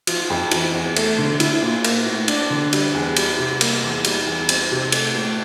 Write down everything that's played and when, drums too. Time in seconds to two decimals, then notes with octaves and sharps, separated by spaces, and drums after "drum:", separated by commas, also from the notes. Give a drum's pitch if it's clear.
0.07 F3, drum: cymbal
0.30 F2
0.51 E3, drum: cymbal
0.74 E2
0.96 A3, drum: cymbal
1.18 D3
1.40 E4, drum: cymbal
1.61 A#2
1.84 A#3, drum: cymbal
2.06 A2
2.28 D4, drum: cymbal
2.50 D3
2.73 G3, drum: cymbal
2.94 E2
3.16 G3, drum: cymbal
3.39 C3
3.61 A#3, drum: cymbal
3.83 E2
4.04 G3, drum: cymbal
4.27 E2
4.49 C4, drum: cymbal
4.71 C3
4.92 A3, drum: cymbal
5.15 A2